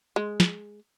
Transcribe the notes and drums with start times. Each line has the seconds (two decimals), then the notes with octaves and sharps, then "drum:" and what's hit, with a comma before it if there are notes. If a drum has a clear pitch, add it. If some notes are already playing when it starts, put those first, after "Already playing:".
0.16 G#3
0.40 drum: snare